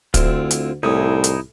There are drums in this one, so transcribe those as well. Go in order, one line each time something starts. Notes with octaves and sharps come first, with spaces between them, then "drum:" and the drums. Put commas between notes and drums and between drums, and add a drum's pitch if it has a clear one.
D2 C4 E4 F4, drum: kick, hi-hat
drum: hi-hat
C2 A2 D#4 E4 D#6
drum: hi-hat